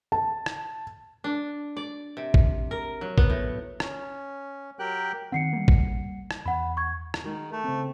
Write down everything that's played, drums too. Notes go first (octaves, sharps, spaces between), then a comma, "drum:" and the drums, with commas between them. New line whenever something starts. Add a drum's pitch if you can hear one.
A5
drum: rim click
D4
D5
C3
drum: kick
A#4
F#3
B3, drum: kick
A2
C#4, drum: rim click
F#3 G4 A#4 G5 F#6
D#3 C4 F#5 C7 C#7
G3 A#3
drum: kick
drum: rim click
E2 F#5 B5
C#6 G#6
drum: rim click
D#3 G#3 F#4
A3
C#3 C4